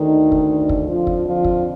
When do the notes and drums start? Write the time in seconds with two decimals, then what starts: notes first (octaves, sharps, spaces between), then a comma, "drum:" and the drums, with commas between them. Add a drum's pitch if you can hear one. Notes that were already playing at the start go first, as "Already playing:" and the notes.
Already playing: D2 D3 D#3 D#4
0.32 drum: kick
0.69 drum: kick
0.88 F2 D3 F3 F4
1.07 drum: kick
1.26 F3 F4
1.44 drum: kick